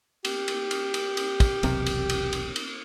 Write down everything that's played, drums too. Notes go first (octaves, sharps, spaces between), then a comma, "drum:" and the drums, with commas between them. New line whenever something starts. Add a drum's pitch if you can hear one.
G4, drum: cymbal
drum: cymbal
drum: cymbal
drum: cymbal
drum: cymbal
drum: kick, cymbal
E1 B1 C3, drum: cymbal
drum: cymbal
drum: cymbal
drum: cymbal
drum: cymbal